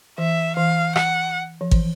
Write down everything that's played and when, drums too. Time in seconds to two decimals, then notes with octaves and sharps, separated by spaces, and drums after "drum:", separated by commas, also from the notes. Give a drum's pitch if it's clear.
0.18 E3 E5
0.56 E3 F5
0.96 F#5, drum: rim click
1.61 F3
1.71 E3, drum: kick G#1